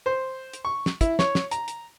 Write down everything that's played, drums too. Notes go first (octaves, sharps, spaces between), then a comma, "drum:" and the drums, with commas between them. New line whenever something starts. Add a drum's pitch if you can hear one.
C5
drum: hi-hat
C#6
drum: snare
E4, drum: kick, hi-hat
C#5, drum: snare
drum: snare
A#5, drum: hi-hat
drum: hi-hat